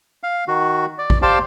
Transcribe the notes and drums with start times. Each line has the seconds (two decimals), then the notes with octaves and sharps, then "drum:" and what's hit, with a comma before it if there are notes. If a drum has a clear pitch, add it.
0.23 F5
0.48 D#3 F#4
0.98 D5
1.10 drum: kick G#1
1.22 G4 C5 D5 F5 G5 A5